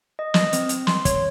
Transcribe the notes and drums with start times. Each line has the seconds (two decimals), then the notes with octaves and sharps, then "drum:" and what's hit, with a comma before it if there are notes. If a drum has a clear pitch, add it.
0.19 D#5
0.34 D#5, drum: snare
0.53 C4, drum: hi-hat
0.69 drum: hi-hat
0.87 C6, drum: snare
1.05 C#5, drum: kick, hi-hat